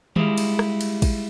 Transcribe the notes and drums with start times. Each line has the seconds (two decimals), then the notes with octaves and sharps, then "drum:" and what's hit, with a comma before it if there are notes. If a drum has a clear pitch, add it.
0.16 G3 G#3 E4 F4 G4 G#4, drum: tom D#3
0.38 drum: cymbal
0.59 drum: rim click
0.81 drum: cymbal
1.02 drum: kick A1, cymbal